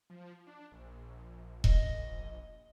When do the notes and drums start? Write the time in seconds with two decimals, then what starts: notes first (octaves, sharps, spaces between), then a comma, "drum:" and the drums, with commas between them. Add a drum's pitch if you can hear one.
0.10 F3
0.47 D4
0.72 A#1
1.64 D#5, drum: kick E1